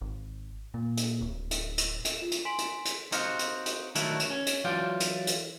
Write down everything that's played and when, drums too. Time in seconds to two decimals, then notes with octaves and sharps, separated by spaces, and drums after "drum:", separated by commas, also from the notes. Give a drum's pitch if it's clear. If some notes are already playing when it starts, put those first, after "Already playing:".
0.01 G#1
0.74 A#2
0.97 drum: hi-hat
1.21 D1
1.51 drum: hi-hat
1.78 drum: hi-hat
2.05 drum: hi-hat
2.18 F4 E7
2.31 drum: hi-hat
2.45 G#5 C6 B6 D7 F#7
2.58 drum: hi-hat
2.85 drum: hi-hat
3.12 C4 D#4 F#4 G4 F5, drum: hi-hat
3.39 drum: hi-hat
3.66 drum: hi-hat
3.95 D#3 F#3 G3 A3 E4 F#4, drum: hi-hat
4.19 drum: hi-hat
4.30 C#4
4.46 drum: hi-hat
4.64 E3 F#3 F4 D5 F5 G5
5.00 drum: hi-hat
5.27 drum: hi-hat